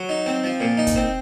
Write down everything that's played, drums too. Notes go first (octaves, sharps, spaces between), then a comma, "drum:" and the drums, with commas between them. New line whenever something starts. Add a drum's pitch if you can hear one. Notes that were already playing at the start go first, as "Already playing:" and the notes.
Already playing: F#3
D#4
C4
F3
A#2
D#4
drum: kick, hi-hat
C4